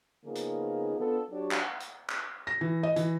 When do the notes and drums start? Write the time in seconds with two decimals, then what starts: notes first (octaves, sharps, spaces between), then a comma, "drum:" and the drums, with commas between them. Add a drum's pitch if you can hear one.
0.25 C#3 F3 A#3 B3 D#4 G#4
0.35 drum: hi-hat
0.97 B3 D4 F4 A4
1.30 F#3 D4 F#4 G4 C#5
1.51 drum: clap
1.80 drum: hi-hat
2.09 drum: clap
2.47 A#6
2.61 E3
2.83 D#5
2.96 E3, drum: hi-hat